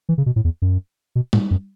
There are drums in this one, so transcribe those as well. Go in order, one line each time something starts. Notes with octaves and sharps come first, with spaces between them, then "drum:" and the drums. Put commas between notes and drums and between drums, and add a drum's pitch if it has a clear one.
E3
C#3
B2
A2
E2
F#2
B2
A2, drum: tom G3
F#2